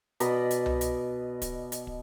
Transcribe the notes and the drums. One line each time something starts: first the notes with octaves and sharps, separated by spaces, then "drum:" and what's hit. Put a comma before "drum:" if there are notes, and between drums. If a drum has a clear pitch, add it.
B2 D5 D#5 B5, drum: hi-hat
drum: hi-hat
drum: tom C2
drum: hi-hat
drum: kick, hi-hat
drum: hi-hat
drum: kick